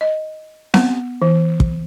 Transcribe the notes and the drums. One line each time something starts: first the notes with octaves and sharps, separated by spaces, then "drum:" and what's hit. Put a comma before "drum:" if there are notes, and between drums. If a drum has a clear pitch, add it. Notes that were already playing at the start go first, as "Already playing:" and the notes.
D#5
B3, drum: snare C4
E3
drum: kick